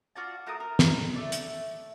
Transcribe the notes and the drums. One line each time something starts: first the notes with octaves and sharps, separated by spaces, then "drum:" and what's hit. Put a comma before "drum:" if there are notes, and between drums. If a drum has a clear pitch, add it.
F4 F#4 D5 A5
A3 F#4 A#4 D#6
A#4
drum: snare
A3 D5
drum: hi-hat